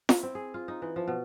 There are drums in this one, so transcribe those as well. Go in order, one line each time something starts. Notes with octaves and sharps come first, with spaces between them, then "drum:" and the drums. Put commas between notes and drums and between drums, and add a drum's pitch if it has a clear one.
E4, drum: snare F4
C4
G#4
F4
D#4
E3
F3
B2